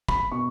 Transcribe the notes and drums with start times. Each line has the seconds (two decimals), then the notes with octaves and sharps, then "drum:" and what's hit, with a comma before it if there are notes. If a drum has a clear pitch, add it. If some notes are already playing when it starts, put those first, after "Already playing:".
0.08 B5, drum: kick
0.32 B2 C#6